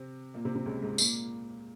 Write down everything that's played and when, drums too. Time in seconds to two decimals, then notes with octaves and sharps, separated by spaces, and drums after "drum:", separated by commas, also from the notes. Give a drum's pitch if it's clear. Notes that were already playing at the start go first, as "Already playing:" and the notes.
Already playing: C3 C4
0.34 A#2 A#3
0.45 C3 C4
0.55 C3 C4
0.66 C#2 C#3
0.82 G#2 G#3
0.98 A#2 A#3, drum: tambourine